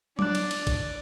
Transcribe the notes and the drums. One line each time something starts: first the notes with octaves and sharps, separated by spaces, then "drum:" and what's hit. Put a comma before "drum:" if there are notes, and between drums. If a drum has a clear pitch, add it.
D4 D5 D6 F#6, drum: tom F#3
drum: cymbal
drum: cymbal
drum: kick, cymbal